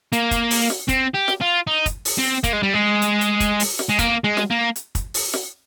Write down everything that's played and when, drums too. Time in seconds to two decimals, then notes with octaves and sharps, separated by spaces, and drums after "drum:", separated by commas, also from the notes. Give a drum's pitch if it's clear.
0.13 A#3, drum: hi-hat
0.31 drum: kick, hi-hat
0.51 drum: open hi-hat
0.70 drum: snare
0.89 C4, drum: kick, hi-hat
1.14 G4
1.28 drum: snare
1.41 F4
1.67 D#4
1.86 drum: kick, hi-hat
2.05 drum: open hi-hat
2.18 C4
2.43 A#3, drum: kick, hi-hat
2.53 G#3
2.63 G3
2.73 G#3
3.02 drum: hi-hat
3.21 drum: hi-hat
3.40 drum: kick, hi-hat
3.60 drum: open hi-hat
3.79 drum: snare
3.89 G#3
3.99 A#3, drum: kick, hi-hat
4.24 G#3
4.37 drum: snare
4.50 A#3
4.76 drum: hi-hat
4.95 drum: kick, hi-hat
5.14 drum: open hi-hat
5.33 drum: snare